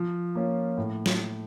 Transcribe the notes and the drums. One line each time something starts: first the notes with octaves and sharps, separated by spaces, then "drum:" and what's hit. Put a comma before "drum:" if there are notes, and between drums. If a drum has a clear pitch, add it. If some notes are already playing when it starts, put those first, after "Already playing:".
Already playing: F3
A#3 C#4 F4
A2
drum: snare